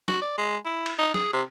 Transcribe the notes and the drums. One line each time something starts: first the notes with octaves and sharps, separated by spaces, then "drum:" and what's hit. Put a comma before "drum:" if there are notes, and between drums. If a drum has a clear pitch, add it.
F#4, drum: snare
D5
G#3
E4
drum: cymbal
D#4
G#4, drum: snare
C3